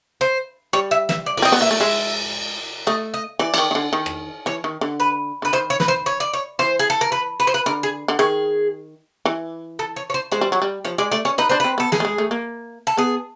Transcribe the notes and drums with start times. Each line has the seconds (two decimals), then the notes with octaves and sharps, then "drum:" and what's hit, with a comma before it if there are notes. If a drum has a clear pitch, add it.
0.21 C5
0.73 G3 C#5
0.91 E5
1.09 E5, drum: snare
1.26 D5
1.37 D5, drum: cymbal
1.42 C4 D#5
1.52 B3
1.61 A#3 E5
1.71 A3
1.80 G#3 E5
2.87 A3 D#5
3.14 D#5
3.39 E3 D5
3.54 E3, drum: cymbal
3.58 D#3
3.71 D#3
3.75 D3
3.93 D#3
4.06 drum: rim click
4.46 E3 C#5
4.64 D#3
4.81 D3
5.00 B4
5.42 D3 B4
5.53 D#3 C5
5.70 C#5
5.80 B4, drum: snare
5.88 C5
6.06 C#5
6.20 D5
6.34 C#5
6.59 E3 C5
6.79 G#4
6.90 A4
7.01 A#4
7.12 B4
7.40 B4
7.47 C5
7.54 B4
7.66 D3 A#4
7.83 G#4
8.08 D3
8.19 D#3 G#4
9.25 E3
9.79 A4
9.96 C#5
10.10 C#5
10.14 C5
10.32 G#3 C5
10.41 G3
10.52 F#3
10.62 G3
10.85 F3 C#5
10.98 G#3 D5
11.11 A3 D5
11.25 C#4 C#5
11.38 D#4 B4
11.49 D4 C5
11.60 C4 B4
11.78 B3 A4
11.92 G#3 G#4, drum: snare
12.00 A3
12.05 G#3
12.18 A3
12.31 A#3
12.87 A4
12.97 B3 G#4